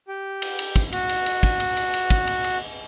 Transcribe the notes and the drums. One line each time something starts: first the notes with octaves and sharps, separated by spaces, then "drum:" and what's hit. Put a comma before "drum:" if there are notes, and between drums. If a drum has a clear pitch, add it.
G4
drum: cymbal
drum: cymbal
drum: kick, cymbal
F#4, drum: cymbal
drum: cymbal
drum: cymbal
drum: kick, cymbal
drum: cymbal
drum: cymbal
drum: cymbal
drum: kick, cymbal
drum: cymbal
drum: cymbal